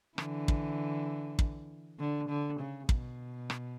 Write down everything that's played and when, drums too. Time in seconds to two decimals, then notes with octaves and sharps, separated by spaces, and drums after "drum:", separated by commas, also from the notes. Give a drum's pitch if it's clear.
0.18 D3 E3, drum: rim click
0.48 drum: kick
1.39 drum: kick
1.99 D3
2.29 D3
2.60 C#3
2.89 B2, drum: kick
3.50 drum: rim click